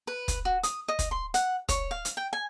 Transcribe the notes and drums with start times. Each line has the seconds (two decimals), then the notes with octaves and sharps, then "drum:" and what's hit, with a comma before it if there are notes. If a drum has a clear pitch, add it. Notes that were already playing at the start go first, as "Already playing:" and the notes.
0.07 B4
0.28 drum: kick, hi-hat
0.45 F#4
0.63 D#6, drum: hi-hat
0.88 D#5
0.99 drum: kick, hi-hat
1.11 C6
1.34 F#5, drum: hi-hat
1.69 C#5, drum: kick, hi-hat
1.91 F5
2.05 drum: hi-hat
2.17 G5
2.33 G#5